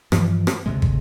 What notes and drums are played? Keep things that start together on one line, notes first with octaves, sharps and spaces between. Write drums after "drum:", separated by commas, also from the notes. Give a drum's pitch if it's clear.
G2 E3 F3, drum: rim click
drum: rim click
D2 C3 G#3
drum: kick